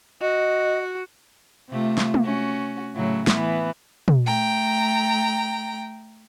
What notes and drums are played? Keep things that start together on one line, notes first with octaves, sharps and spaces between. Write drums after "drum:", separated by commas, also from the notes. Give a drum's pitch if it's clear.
F#4 D#5
C3 A3 F4
drum: snare
drum: tom
C#4 F#4
A2 C#3 F#3
E3 B3, drum: snare
drum: tom
A3 G5 A#5